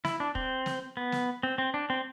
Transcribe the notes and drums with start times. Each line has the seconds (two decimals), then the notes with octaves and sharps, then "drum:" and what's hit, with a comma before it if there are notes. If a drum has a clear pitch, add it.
0.05 E4, drum: snare
0.20 D4
0.35 C4, drum: kick
0.66 drum: snare
0.97 B3
1.12 drum: snare
1.43 C4
1.58 C4
1.74 D4
1.90 C4